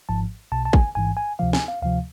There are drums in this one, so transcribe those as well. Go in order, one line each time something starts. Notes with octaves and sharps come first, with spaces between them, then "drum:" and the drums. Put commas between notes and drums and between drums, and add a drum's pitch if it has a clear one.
G#1 G#2 F3 A5
B1 B2 A5
A5
G#5, drum: kick
A1 G#2 E3 G#5
G#5
D2 C3 F3 F5
G#5, drum: snare
F5
D2 C3 F3 F5